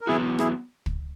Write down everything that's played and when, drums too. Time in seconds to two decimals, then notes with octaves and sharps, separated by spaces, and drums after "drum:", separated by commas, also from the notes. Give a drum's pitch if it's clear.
0.01 A#4
0.07 E2 D#3 F#3 B3 E4 F#4 G#4
0.39 E4 G#4, drum: rim click
0.86 drum: kick